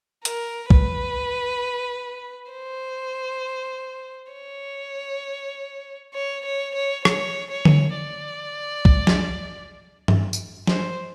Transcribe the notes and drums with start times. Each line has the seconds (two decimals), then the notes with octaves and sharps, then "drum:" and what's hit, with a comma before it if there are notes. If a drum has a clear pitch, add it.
0.25 A#4, drum: hi-hat
0.70 B4, drum: kick
2.52 C5
4.33 C#5
6.15 C#5
6.45 C#5
6.75 C#5
7.05 C#5, drum: rim click
7.51 C#5
7.65 drum: tom D3
7.96 D5
8.85 drum: kick
9.07 drum: snare
10.08 drum: tom G2
10.33 drum: tambourine
10.67 C5, drum: snare